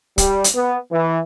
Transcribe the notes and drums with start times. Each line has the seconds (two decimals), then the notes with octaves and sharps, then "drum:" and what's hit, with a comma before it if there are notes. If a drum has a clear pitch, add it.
0.18 G3, drum: kick, hi-hat
0.44 drum: hi-hat
0.55 B3
0.91 E3